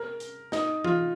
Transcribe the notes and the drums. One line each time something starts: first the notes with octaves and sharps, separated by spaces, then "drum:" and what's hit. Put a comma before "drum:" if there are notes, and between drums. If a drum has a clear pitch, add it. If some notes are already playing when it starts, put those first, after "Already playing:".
Already playing: A#4
drum: hi-hat
D#4, drum: snare
F4, drum: tom E3